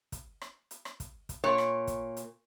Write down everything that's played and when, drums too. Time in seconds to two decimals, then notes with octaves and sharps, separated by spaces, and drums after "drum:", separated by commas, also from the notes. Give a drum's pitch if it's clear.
0.12 drum: kick, hi-hat
0.41 drum: rim click
0.71 drum: hi-hat
0.85 drum: rim click
1.00 drum: kick, hi-hat
1.29 drum: kick, hi-hat
1.44 A#2 C#5
1.58 drum: rim click
1.87 drum: kick, hi-hat
2.17 drum: hi-hat